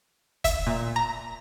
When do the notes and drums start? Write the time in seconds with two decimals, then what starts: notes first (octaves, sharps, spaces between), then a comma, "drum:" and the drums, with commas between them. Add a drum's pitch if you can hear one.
0.44 E5, drum: kick, hi-hat
0.67 A#2
0.96 A#5